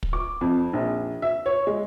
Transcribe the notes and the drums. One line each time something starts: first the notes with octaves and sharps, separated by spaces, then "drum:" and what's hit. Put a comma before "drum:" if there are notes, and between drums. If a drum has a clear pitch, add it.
drum: kick
D6
F2
A#1
E5
C#5
G#3